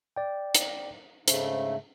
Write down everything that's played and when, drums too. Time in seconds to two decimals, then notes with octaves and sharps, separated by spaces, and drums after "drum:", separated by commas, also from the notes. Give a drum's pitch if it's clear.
0.16 D5 G5
0.55 drum: hi-hat
1.28 G#2 C#3 A3 C5, drum: hi-hat